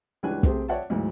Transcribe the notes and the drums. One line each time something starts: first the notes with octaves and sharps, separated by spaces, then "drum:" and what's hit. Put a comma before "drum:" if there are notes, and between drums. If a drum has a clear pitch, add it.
C#2 E3 G3 D4 G#5 F#6
C3 A3 C4 G4 G#4, drum: kick
C#5 D5 E5 F#5 G5 A5
D2 G#2 E3 F#3